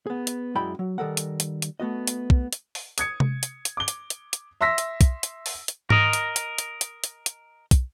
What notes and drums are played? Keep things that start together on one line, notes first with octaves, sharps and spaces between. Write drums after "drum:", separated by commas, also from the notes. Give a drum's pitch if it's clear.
B3 G#4
drum: hi-hat
F#2 G#3 E4 D5 G5 B5
F#3
D#3 G3 A4 A#4 F#5
drum: hi-hat
drum: hi-hat
drum: hi-hat
A3 B3 F#4 D#5
drum: hi-hat
drum: kick
drum: hi-hat
drum: open hi-hat
D#6 G#6 C#7, drum: hi-hat
drum: tom C3
drum: hi-hat
drum: hi-hat
D6 G7
drum: hi-hat
drum: hi-hat
drum: hi-hat
E5 C6 E6 A#6 B6
drum: hi-hat
drum: kick, hi-hat
drum: hi-hat
drum: open hi-hat
drum: hi-hat
A#4 D#5, drum: tom G#2
drum: hi-hat
drum: hi-hat
drum: hi-hat
drum: hi-hat
drum: hi-hat
drum: hi-hat
drum: kick, hi-hat